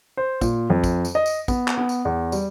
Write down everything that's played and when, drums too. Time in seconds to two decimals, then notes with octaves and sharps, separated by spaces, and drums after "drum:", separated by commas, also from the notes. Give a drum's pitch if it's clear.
0.17 C5
0.41 A#2, drum: kick, tambourine
0.70 F2
0.84 drum: kick, tambourine
1.05 drum: tambourine
1.15 D#5
1.26 drum: tambourine
1.48 B3, drum: kick, tambourine
1.68 drum: clap
1.77 B3
1.89 drum: tambourine
2.05 E2
2.32 G3, drum: tambourine